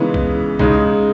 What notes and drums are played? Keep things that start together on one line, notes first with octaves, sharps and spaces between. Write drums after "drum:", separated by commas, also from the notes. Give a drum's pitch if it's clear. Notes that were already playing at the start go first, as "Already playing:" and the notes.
Already playing: C#3 E3 G#3 B3 D#4
drum: kick
C#3 G#3 D#4, drum: kick